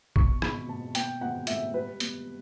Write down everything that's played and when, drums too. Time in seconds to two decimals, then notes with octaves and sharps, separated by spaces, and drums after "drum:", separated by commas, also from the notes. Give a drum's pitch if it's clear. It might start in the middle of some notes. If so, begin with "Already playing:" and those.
0.16 B2 C#6, drum: kick A#1
0.42 B2 B5, drum: rim click
0.68 B2 A5
0.95 B3 G5, drum: hi-hat
1.21 B3 F#5
1.47 A2 E5, drum: hi-hat
1.74 G3 B4
2.00 B3, drum: hi-hat